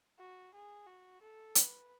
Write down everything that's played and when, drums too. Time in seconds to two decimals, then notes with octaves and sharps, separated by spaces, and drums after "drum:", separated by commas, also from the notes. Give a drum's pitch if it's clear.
0.19 F#4
0.54 G#4
0.87 F#4
1.22 A4
1.55 B4, drum: hi-hat